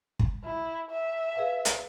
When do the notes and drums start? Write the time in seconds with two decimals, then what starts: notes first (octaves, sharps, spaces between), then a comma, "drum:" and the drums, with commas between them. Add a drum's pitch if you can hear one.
0.19 drum: kick
0.44 E4
0.91 E5
1.35 G#4 B4 F5
1.65 drum: hi-hat